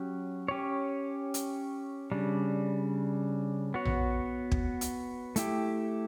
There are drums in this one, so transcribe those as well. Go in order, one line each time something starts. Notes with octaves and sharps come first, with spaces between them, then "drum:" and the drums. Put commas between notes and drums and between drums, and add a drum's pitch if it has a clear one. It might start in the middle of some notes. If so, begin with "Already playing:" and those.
Already playing: F#3 C#4 G4
C#4 G4 C#5
drum: hi-hat
C#3 G3 D4
B3 F#4 C#5
drum: tom A#1
drum: kick
drum: hi-hat
A3 E4 G4, drum: hi-hat